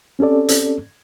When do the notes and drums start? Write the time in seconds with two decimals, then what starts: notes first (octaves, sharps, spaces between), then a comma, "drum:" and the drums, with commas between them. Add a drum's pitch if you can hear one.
0.19 C4 C#4 G4 A4 D5
0.49 drum: hi-hat